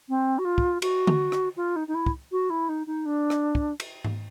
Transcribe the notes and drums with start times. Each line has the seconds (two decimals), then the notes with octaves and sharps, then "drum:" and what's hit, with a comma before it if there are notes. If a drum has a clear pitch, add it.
0.09 C4
0.39 F#4
0.45 F4
0.58 drum: kick
0.82 F#4, drum: cymbal
1.07 drum: tom D3
1.32 drum: rim click
1.57 F4
1.76 D#4
1.88 D#4
1.95 E4
2.06 drum: kick
2.32 F#4
2.50 E4
2.69 D#4
2.87 D#4
3.06 D4
3.30 drum: rim click
3.55 drum: kick
3.80 drum: cymbal
4.04 drum: tom G#2